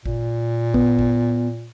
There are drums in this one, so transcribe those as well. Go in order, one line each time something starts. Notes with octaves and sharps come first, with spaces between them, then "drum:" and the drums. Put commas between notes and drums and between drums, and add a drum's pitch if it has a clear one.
A#2, drum: kick G#1
B3, drum: kick G#1
drum: kick G#1